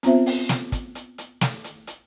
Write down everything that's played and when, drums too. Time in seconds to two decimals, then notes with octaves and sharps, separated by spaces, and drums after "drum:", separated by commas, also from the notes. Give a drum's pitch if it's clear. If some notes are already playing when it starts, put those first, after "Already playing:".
0.03 B3 C4 F4 C5 E5, drum: hi-hat
0.26 drum: open hi-hat
0.49 drum: snare
0.72 drum: kick, hi-hat
0.95 drum: hi-hat
1.18 drum: hi-hat
1.41 drum: snare
1.64 drum: hi-hat
1.87 drum: hi-hat